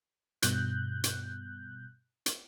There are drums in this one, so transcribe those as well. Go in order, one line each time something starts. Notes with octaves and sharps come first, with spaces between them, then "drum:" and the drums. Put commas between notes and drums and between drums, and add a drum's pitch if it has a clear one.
G2 B2 F#6 G6, drum: hi-hat
drum: hi-hat
drum: hi-hat